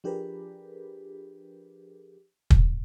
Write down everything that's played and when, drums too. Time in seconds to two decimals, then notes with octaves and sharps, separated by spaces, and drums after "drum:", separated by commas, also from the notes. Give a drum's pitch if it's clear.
0.04 F3 D4 G4 G#4 A#4 B4
2.50 drum: kick